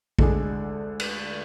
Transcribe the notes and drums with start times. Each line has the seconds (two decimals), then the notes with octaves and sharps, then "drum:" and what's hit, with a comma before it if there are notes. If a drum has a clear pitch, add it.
0.19 D2 D3 G#3 D4 G#4, drum: kick A1
1.00 drum: cymbal